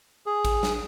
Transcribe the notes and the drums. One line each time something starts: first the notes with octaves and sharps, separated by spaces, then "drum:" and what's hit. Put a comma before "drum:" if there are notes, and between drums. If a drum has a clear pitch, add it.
G#4
drum: kick A1, cymbal
drum: snare